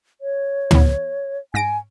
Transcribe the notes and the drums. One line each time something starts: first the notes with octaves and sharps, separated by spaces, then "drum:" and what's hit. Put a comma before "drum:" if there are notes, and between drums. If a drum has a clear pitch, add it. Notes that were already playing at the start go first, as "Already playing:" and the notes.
C#5
E3 B3, drum: tom
G#2 G#5 A#6 D7